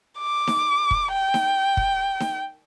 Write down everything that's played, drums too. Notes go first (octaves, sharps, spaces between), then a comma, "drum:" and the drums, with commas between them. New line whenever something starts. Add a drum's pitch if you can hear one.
D6
drum: snare D#4
drum: kick
G5
drum: snare D#4
drum: kick
drum: snare D#4